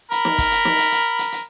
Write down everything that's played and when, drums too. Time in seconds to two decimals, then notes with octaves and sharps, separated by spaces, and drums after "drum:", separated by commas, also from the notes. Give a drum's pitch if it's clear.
0.11 A#4 B5, drum: hi-hat
0.25 drum: snare
0.38 drum: kick, hi-hat
0.52 drum: hi-hat
0.65 drum: snare
0.79 drum: hi-hat
0.92 drum: hi-hat
1.19 drum: hi-hat
1.32 drum: hi-hat